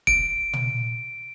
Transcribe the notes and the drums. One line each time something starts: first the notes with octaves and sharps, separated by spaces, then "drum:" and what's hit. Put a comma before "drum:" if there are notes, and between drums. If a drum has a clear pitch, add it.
D7, drum: kick
drum: tom